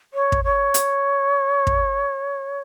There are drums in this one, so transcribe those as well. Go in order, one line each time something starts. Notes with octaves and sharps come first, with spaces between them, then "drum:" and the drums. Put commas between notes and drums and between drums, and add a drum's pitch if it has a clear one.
C#5
drum: kick
C#5
drum: hi-hat
drum: kick